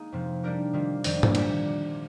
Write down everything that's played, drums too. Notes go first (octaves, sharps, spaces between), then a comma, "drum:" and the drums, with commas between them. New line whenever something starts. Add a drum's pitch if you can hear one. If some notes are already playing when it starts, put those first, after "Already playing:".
Already playing: G#3 A#3 D#4 G#4
F2 C3 F3 C4
G3 D4 G4 A#4
D#3 G3 A#3 F4
F2 D#3 G3 D4, drum: open hi-hat
drum: tom G#2
A#2 G3 A#3 D4 G4, drum: cymbal